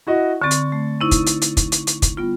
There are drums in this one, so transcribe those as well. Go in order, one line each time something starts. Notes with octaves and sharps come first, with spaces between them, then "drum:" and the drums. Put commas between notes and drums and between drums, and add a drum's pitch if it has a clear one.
E4 F#4 D#5
D3 C4 C#6 A6
drum: hi-hat
A3
D#4 E4 C5 C#6 D#7
drum: kick, hi-hat
drum: hi-hat
drum: hi-hat
drum: kick, hi-hat
drum: hi-hat
drum: hi-hat
drum: kick, hi-hat
G3 B3 F4